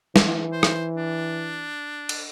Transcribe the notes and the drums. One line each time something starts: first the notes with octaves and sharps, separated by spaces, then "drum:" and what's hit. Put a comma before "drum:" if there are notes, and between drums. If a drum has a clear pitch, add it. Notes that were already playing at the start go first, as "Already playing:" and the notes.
E3, drum: snare
C5
drum: rim click
D4
drum: cymbal